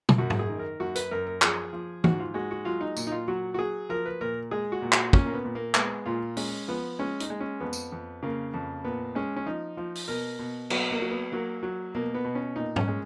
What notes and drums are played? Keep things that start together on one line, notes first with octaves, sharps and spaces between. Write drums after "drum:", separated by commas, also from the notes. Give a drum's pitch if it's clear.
drum: tom
F#2 F#4
drum: tom G#2
G#4
D#3
A#4
F#2 F#4
B4, drum: hi-hat
F#2 A#4
A#4
F3 G#4, drum: clap
F3
G#2 F#4, drum: tom
F4
G#3 F#4
F#4
F#3 F4
D#4
A#2, drum: tambourine
D#4
F4
F#3 F#4
F#4
F#3 G#4
F3 A#4
B4
A#2 A#4
G#3 G#4
F#4
A#2
F#4, drum: clap
A#2 C#4, drum: kick
A#3
B3
A#2
A#3
G#3 B3, drum: clap
A#2 F4
G#3 C#4, drum: open hi-hat
F3 B3
G#3 C#4
D#4, drum: hi-hat
G#3
C#4
F2 B3
drum: tambourine
F2
C#3 A#3
F2
A#2 B3
G#3 C#4
C#4
F3 D#4
F3
drum: open hi-hat
B2 A#4
B2
F#3 B3, drum: cymbal
A#3
F#3
B3
F#3 A#3
F#3
B2 A#3
B3
B2
C#4
A#2 D#4
C#4, drum: tom G#2
G#3